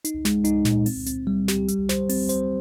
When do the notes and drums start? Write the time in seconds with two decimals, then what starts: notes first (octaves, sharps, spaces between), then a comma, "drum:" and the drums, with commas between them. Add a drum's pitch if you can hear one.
0.05 D#4, drum: hi-hat
0.25 G#3, drum: snare
0.45 D#4, drum: hi-hat
0.65 A#2, drum: snare
0.86 C4, drum: open hi-hat
1.06 C4, drum: hi-hat
1.27 G3
1.48 G4, drum: snare
1.68 G3, drum: hi-hat
1.89 C5, drum: snare
2.09 C4, drum: open hi-hat
2.29 C5, drum: hi-hat